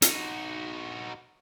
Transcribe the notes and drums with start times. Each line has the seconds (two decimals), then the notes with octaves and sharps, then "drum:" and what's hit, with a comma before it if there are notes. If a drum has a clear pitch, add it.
0.02 D#4 F#4, drum: hi-hat